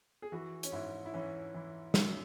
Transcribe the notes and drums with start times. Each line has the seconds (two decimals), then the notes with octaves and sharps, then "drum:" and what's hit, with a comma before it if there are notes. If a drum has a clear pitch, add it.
0.22 G#4
0.32 E3 F#4
0.63 C#4, drum: hi-hat
0.72 G#2 E4
1.06 E4
1.14 E3 C#4
1.54 E3
1.94 F#2, drum: snare